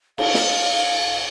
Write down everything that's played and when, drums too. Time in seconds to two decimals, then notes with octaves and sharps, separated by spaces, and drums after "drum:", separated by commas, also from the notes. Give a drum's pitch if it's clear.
0.18 F5, drum: cymbal
0.34 drum: snare